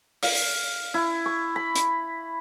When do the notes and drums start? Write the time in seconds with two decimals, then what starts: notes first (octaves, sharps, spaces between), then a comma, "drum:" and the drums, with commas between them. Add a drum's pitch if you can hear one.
0.23 F5, drum: open hi-hat
0.94 E4
1.26 C#6
1.56 B5
1.76 drum: hi-hat